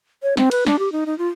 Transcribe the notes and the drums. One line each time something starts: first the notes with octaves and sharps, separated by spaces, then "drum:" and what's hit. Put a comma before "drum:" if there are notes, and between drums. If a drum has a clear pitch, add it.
C#5
C4, drum: snare
B4, drum: cymbal
D4, drum: snare
G4
D#4
D#4
F4